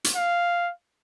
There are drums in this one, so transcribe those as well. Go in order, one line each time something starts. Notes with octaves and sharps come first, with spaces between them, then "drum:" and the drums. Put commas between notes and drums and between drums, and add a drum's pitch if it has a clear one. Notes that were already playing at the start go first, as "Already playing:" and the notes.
drum: hi-hat
F5